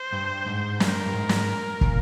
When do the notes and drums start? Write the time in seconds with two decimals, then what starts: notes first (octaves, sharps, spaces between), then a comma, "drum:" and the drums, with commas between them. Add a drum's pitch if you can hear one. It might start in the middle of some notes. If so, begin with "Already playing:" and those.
Already playing: C5
0.13 G2
0.46 G#2
0.80 G2 A#4, drum: snare
1.06 G2
1.14 G#2
1.29 drum: snare
1.81 A#2, drum: kick